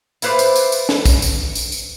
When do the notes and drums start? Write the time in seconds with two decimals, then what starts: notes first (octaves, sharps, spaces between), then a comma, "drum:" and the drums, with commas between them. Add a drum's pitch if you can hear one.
0.22 E4 F4 B4 C5 D5 F5, drum: tambourine
0.39 drum: tambourine
0.56 drum: tambourine
0.72 drum: tambourine
0.89 drum: snare
1.06 drum: kick, tambourine
1.22 drum: tambourine
1.55 drum: tambourine
1.72 drum: tambourine